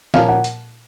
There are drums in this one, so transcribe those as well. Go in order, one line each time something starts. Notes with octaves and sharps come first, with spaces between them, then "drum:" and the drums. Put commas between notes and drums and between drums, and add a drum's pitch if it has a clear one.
A#2 F3 A#3 C#4 F5, drum: snare E3
F#5
drum: hi-hat